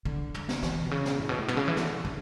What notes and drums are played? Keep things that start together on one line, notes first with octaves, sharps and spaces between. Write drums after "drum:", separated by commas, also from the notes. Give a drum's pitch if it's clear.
D3
drum: tom
drum: snare
E3, drum: snare
B2
C#3
drum: snare
A2
B2
A2
B2, drum: tom
C#3
E3
D3, drum: snare
D3